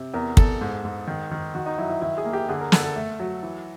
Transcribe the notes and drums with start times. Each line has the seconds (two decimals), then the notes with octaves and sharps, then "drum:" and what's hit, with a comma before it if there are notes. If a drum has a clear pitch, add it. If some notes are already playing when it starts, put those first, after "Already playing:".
Already playing: C3
0.14 E2 A#4
0.37 E2 A4, drum: kick
0.61 G#2
0.85 G#2
1.07 D#3
1.31 D#3
1.55 D#3 F#4
1.66 D#4
1.78 F#3 E4
1.90 E4
2.01 D#3 E4
2.18 G#4
2.25 A#3
2.33 G4
2.49 D3 G#4
2.61 A#4
2.72 D3 A4, drum: snare
2.84 A4
2.96 A3
3.20 F#3
3.43 E3